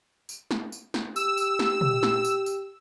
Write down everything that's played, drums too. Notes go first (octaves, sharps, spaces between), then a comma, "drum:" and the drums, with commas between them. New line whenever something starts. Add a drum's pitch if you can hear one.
drum: tambourine
drum: snare
drum: tambourine
drum: snare
G4 E6, drum: tambourine
drum: tambourine
drum: snare
drum: tom
drum: snare
drum: tambourine
drum: tambourine